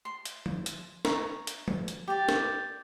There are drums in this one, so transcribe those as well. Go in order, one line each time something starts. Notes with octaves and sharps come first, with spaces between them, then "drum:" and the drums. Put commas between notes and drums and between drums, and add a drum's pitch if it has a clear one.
C6
drum: hi-hat
drum: tom F3
drum: hi-hat
A#5 C#6, drum: snare
drum: hi-hat
drum: tom F3
drum: hi-hat
G4 D5
drum: snare